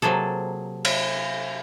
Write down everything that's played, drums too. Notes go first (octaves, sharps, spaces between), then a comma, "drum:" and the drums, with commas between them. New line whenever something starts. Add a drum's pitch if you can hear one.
C3 F#3 A#3 G#4 A4
drum: cymbal